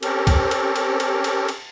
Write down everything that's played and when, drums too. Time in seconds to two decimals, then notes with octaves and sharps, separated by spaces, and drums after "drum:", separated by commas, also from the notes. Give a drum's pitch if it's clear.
0.03 C4 C#4 G4 A4 A#4, drum: cymbal
0.27 drum: kick, cymbal
0.51 drum: cymbal
0.76 drum: cymbal
1.00 drum: cymbal
1.24 drum: cymbal
1.49 drum: cymbal